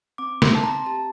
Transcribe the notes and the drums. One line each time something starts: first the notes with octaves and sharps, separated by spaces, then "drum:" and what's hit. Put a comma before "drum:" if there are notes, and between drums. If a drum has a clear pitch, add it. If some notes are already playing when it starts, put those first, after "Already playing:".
C4 D6
C6, drum: snare
C4 A5
A#5
G4 A5